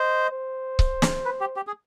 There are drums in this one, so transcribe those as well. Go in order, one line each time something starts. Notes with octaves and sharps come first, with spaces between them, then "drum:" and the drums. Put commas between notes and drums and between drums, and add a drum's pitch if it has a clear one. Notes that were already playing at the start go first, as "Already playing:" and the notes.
Already playing: C5 D#5
C5
drum: kick C#1
drum: snare
B4
G4
G4
G#4